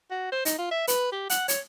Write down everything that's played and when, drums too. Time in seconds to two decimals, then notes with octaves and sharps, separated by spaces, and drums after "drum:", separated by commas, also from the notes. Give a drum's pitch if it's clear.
0.11 F#4
0.32 C5
0.45 D#4, drum: hi-hat
0.58 F4
0.71 E5
0.87 B4, drum: hi-hat
1.12 G4
1.30 F#5, drum: hi-hat
1.48 C#5, drum: hi-hat